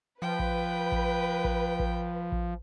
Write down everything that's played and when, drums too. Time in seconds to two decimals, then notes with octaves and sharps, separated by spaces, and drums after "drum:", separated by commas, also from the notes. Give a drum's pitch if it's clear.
0.22 F3 B4 G5
0.39 drum: kick A1
0.92 drum: kick A1
1.45 drum: kick A1
1.80 drum: kick A1
2.32 drum: kick A1